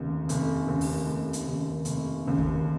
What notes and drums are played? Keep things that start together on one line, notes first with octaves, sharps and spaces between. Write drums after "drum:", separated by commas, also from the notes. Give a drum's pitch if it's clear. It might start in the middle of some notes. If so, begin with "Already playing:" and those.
Already playing: F1 D#2 C#3
F1, drum: hi-hat
D#2 C#3
drum: open hi-hat
F1
drum: hi-hat
D#2 C#3
F1, drum: hi-hat
D#2 C#3
drum: kick